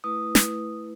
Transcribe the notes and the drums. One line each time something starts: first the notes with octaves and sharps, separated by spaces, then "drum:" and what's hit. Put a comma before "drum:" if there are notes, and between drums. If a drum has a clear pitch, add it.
A3 E4 B4 D#6
drum: snare